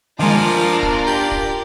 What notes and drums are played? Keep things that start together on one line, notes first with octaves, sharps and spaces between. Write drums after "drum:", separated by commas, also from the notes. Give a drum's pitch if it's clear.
D#3 F3 G#3 D4 F4 A#4 D5 G#5
drum: kick
G4
drum: kick